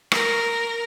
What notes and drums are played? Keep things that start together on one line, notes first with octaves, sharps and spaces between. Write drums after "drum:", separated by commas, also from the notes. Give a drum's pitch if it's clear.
A#4, drum: rim click